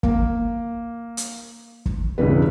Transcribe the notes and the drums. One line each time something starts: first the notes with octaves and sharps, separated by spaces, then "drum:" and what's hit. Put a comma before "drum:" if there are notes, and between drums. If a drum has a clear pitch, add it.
A#3, drum: kick
drum: hi-hat
drum: kick
E1 C#2 G2 E3 B4